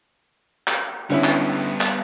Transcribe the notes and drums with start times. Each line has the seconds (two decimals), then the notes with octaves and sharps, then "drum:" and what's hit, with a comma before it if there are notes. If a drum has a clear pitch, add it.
0.68 drum: clap
1.10 D3 G3 B3 C#4 E4
1.24 drum: clap
1.81 drum: clap